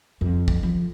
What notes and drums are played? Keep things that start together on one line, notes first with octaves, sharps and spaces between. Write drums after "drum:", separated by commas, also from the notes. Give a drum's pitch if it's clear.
F2
drum: kick
F3